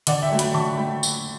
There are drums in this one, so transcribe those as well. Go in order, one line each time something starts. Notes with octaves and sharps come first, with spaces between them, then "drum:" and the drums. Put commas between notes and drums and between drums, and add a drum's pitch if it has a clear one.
D3 D5 F#5, drum: hi-hat
E5 G5
F#3 A3
G5 B5, drum: hi-hat
D3 A5 C#6
A3 G5 B5
drum: tambourine